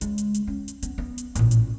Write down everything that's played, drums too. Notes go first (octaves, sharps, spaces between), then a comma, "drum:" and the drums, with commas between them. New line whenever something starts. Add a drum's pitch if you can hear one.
C#3 G#3, drum: hi-hat
drum: hi-hat
drum: hi-hat
C#4
drum: hi-hat
B3, drum: hi-hat
B3
drum: hi-hat
A1 A#2, drum: hi-hat
drum: hi-hat